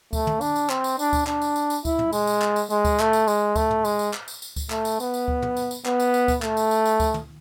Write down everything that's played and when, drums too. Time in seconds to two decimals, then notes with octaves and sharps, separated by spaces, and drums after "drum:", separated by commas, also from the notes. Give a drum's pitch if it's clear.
0.13 A3, drum: kick D2, tambourine
0.27 drum: tom
0.41 D4, drum: tambourine
0.56 drum: tambourine
0.70 C4, drum: clap
0.84 drum: tambourine
0.99 D4, drum: tambourine
1.13 drum: kick D2, tambourine
1.27 D4, drum: clap
1.41 drum: tambourine
1.56 drum: tambourine
1.70 drum: tambourine
1.85 E4, drum: kick D2, tambourine
1.99 drum: tom
2.13 G#3, drum: tambourine
2.27 drum: tambourine
2.42 drum: clap
2.56 drum: tambourine
2.70 G#3, drum: tambourine
2.85 drum: kick D2, tambourine
3.00 A3, drum: clap
3.13 drum: tambourine
3.28 G#3, drum: tambourine
3.56 A3, drum: kick D2, tambourine
3.70 drum: tom
3.85 G#3, drum: tambourine
3.99 drum: tambourine
4.13 drum: clap
4.28 drum: tambourine
4.42 drum: tambourine
4.56 drum: kick D2, tambourine
4.70 A3, drum: clap
4.85 drum: tambourine
5.00 B3, drum: tambourine
5.14 drum: tambourine
5.28 drum: kick D2
5.42 drum: tom
5.57 drum: tambourine
5.71 drum: tambourine
5.86 B3, drum: clap
6.00 drum: tambourine
6.14 drum: tambourine
6.28 drum: kick D2, tambourine
6.42 A3, drum: clap
6.57 drum: tambourine
6.71 drum: tambourine
6.85 drum: tambourine
7.00 drum: kick D2, tambourine
7.14 drum: tom